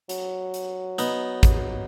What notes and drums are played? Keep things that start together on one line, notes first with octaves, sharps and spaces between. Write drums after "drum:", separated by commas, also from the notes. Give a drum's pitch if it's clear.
F#3, drum: hi-hat
drum: hi-hat
B3 D#4, drum: hi-hat
drum: kick G#1, hi-hat